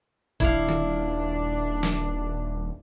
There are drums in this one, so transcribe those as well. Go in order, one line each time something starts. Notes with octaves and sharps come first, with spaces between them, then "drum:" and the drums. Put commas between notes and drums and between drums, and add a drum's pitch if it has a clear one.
D#1 D4 E4 F5, drum: kick A1
drum: tom D#3
drum: snare